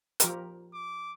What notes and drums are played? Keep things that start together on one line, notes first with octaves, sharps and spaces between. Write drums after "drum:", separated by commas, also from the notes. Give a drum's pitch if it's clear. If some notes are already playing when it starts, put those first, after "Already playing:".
F3 G4 A#4, drum: hi-hat
D6